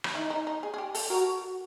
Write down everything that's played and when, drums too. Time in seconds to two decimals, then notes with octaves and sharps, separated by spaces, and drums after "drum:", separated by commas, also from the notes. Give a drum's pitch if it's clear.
0.04 drum: rim click
0.15 D#4 E4
0.30 D#4
0.47 D#4
0.63 G#4
0.74 G#4
0.78 G4
0.95 A4, drum: open hi-hat
1.10 F#4 A#4